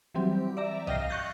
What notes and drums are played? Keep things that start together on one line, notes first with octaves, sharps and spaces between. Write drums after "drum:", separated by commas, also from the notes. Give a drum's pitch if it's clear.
E3 F#3 G3 C4 G4
D5 E5 A#5
D#5 F5 G5 F6 A#6 C7, drum: tom B1
C#6 F#6 G6 A6 A#6